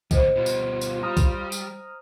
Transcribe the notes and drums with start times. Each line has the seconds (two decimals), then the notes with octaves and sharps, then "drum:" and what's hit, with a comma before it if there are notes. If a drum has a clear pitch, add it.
0.11 A2 D3 C5 D#5, drum: kick, tambourine
0.35 B2 G3 F4
0.46 drum: tambourine
0.81 drum: tambourine
1.03 G3 A#5 D#6 F6
1.17 drum: kick, tambourine
1.52 drum: tambourine